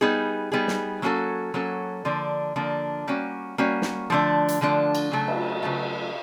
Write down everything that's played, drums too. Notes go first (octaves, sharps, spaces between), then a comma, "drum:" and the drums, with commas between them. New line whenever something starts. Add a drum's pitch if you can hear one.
G3 B3 D#4 G#4
G3 B3 D#4 G#4
drum: snare
F#3 A#3 C#4 F#4 A4
F#3 A#3 C#4 F#4 A4
D3 F3 A#3 D4
D3 F3 A#3 D4
G3 A#3 C#4 F#4
G3 A#3 C#4 F#4
drum: snare
D3 F3 A3 D4
drum: hi-hat
D3 F3 A3 D4
drum: cymbal
C#3 F#3 A3
drum: cymbal
C#3 F#3 A3